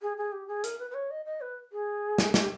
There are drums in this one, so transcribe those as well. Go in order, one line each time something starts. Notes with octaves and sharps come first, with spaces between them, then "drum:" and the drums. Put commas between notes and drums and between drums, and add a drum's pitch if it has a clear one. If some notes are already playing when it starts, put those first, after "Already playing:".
G#4
G#4
G4
G#4
A#4, drum: hi-hat
B4
B4
C#5
D#5
D#5
B4
G#4
drum: snare
G4, drum: snare